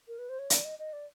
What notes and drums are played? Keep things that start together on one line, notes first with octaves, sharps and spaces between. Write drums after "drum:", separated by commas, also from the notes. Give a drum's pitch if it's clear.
A#4
B4
C5
C#5
D5, drum: hi-hat
D#5
D#5
D5